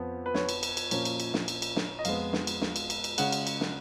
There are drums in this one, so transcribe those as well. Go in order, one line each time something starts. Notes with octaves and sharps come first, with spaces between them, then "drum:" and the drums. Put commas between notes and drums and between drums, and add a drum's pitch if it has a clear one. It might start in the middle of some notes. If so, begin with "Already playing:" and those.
Already playing: F2 F3 B3
B4
C#5, drum: snare
drum: cymbal
drum: cymbal
drum: cymbal
A#2 F3 A#3 C#4, drum: cymbal
drum: cymbal
drum: cymbal
drum: snare
drum: cymbal
drum: cymbal
drum: snare
D#5
F2 F3 G#3 B3 F5, drum: cymbal
drum: snare
drum: cymbal
drum: snare
drum: cymbal
drum: cymbal
drum: cymbal
C#3 G#3 C#4 F#5, drum: cymbal
drum: cymbal
drum: cymbal
drum: snare